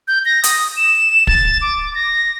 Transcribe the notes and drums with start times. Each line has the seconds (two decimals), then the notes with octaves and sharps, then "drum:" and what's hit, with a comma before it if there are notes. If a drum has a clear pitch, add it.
0.08 G6
0.25 A#6
0.44 D#6, drum: hi-hat
0.76 E7
1.27 A6, drum: kick
1.61 D6
1.94 A#6